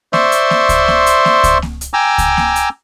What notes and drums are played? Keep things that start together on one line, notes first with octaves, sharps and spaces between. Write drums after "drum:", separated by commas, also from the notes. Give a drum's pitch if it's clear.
C5 D5 E5 C6 C#6, drum: snare A#3
drum: hi-hat
drum: snare A#3
drum: kick C#2, hi-hat
drum: snare A#3
drum: hi-hat
drum: snare A#3
drum: kick C#2, hi-hat
drum: snare A#3
drum: hi-hat
G5 G#5 A#5 D6 E6
drum: kick C#2, hi-hat
drum: snare A#3
drum: hi-hat